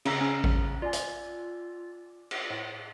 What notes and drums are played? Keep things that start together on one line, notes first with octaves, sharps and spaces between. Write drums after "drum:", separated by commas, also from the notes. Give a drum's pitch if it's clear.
C#3 A#5 E6, drum: cymbal
C#4
drum: kick A1
F4 D5 G#5
drum: hi-hat
drum: cymbal
A2